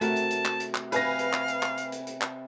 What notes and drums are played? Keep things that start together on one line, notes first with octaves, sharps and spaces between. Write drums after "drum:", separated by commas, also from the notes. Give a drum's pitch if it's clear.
C3 A3 F#4 A#4 A5, drum: hi-hat
drum: hi-hat
drum: hi-hat
drum: clap
drum: hi-hat
drum: clap
C3 B4 F5 G#5 A#6, drum: hi-hat
drum: hi-hat
drum: clap
drum: hi-hat
drum: clap
drum: hi-hat
drum: hi-hat
drum: hi-hat
drum: clap